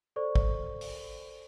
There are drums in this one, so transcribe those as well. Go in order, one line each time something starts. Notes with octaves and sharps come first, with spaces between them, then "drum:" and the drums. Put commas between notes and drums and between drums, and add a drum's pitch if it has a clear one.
A4 C5 D5 C#6
drum: kick
drum: open hi-hat